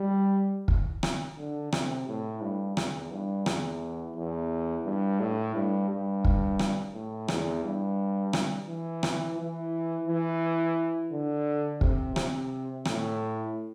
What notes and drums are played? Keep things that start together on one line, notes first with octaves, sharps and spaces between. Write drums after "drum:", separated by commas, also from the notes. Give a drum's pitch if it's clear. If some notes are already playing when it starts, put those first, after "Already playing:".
Already playing: G3
drum: kick
drum: rim click
D3
C3, drum: rim click
A2
G2
E2, drum: rim click
G2
E2, drum: rim click
E2
G2
A2
G2
G2
drum: kick
drum: rim click
A2
E2, drum: rim click
G2
drum: rim click
E3
drum: rim click
E3
E3
D3
C3, drum: kick
C3, drum: rim click
A2, drum: rim click